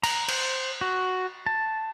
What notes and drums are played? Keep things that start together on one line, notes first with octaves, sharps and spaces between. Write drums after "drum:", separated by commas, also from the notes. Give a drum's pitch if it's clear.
A#5, drum: cymbal
C5, drum: cymbal
F#4
A5